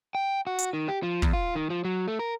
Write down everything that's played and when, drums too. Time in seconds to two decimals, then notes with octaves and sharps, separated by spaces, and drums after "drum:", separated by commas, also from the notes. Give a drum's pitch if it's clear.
0.15 G5
0.47 F#4
0.58 drum: hi-hat
0.73 D#3
0.89 G4
1.03 F3
1.22 E2, drum: kick
1.33 F4
1.55 D#3
1.70 F3
1.85 F#3
2.08 A3
2.19 A#4